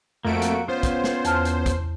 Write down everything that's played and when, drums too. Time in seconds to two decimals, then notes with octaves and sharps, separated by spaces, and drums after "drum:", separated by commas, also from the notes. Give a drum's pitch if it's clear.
0.25 F2 A3 A#3 F#4 D7
0.42 drum: hi-hat
0.68 B3 C#4 F4 C5
0.83 drum: kick, hi-hat
1.04 drum: snare
1.25 E2 A5 F6, drum: hi-hat
1.45 drum: hi-hat
1.66 drum: kick, hi-hat